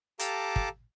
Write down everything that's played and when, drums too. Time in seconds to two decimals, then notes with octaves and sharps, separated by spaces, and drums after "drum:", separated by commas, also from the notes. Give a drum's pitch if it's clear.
0.19 G4 A4 F5 A5 A#5 D6, drum: hi-hat
0.56 drum: kick